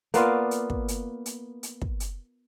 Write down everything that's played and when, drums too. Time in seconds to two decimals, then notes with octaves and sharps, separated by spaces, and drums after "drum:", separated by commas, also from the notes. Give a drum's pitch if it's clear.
0.14 A#3 B3 F4 D5, drum: hi-hat
0.51 drum: hi-hat
0.70 drum: kick
0.88 drum: hi-hat
1.26 drum: hi-hat
1.63 drum: hi-hat
1.81 drum: kick
2.00 drum: hi-hat